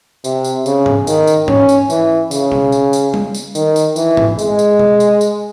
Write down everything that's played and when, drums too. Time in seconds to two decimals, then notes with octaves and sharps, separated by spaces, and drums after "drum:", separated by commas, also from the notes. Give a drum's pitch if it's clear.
0.24 C3, drum: tambourine
0.45 drum: tambourine
0.66 C#3, drum: tambourine
0.86 drum: tom G#2
1.07 D#3, drum: tambourine
1.27 drum: tambourine
1.48 C#4, drum: tom G#2
1.69 drum: tambourine
1.90 E3, drum: tambourine
2.31 C#3, drum: tambourine
2.52 drum: tom B2
2.72 drum: tambourine
2.93 drum: tambourine
3.14 drum: tom G3
3.34 drum: tambourine
3.55 D#3, drum: tambourine
3.76 drum: tambourine
3.96 E3, drum: tambourine
4.17 drum: tom G#2
4.39 G#3, drum: tambourine
4.59 drum: tambourine
4.79 drum: tom B2
5.00 drum: tambourine
5.21 drum: tambourine